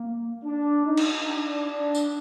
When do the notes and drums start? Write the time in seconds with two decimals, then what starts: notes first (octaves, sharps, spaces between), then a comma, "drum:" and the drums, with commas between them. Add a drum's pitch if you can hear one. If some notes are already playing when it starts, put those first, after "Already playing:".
Already playing: A#3
0.45 D4
0.87 D#4
0.97 drum: cymbal
1.28 D4
1.71 D4
1.95 drum: tambourine